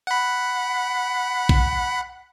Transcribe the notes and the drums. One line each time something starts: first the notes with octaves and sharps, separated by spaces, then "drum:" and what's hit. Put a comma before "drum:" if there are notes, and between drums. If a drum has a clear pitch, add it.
F#5 B5
drum: kick A#1